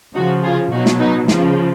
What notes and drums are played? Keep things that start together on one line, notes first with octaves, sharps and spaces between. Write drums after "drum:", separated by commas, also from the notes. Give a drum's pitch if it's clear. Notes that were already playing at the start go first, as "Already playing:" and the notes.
C#3 D#4 F#4
F3
F4 G#4
B2 F#3 D#4 F#4
drum: snare
B3 D#4
C#3 F3, drum: snare